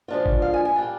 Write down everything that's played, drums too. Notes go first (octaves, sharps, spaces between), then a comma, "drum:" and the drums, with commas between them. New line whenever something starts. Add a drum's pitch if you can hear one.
F3 G#3 D4 F4
drum: kick
F5
G#5
G#5
G3 D4 F4